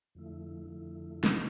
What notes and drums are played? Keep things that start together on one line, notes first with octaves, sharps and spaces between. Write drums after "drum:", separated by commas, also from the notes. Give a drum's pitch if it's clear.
F2 D3 F3 A3 E4
F2 D3 F3 A3 E4
C3 E3 B3 D4, drum: snare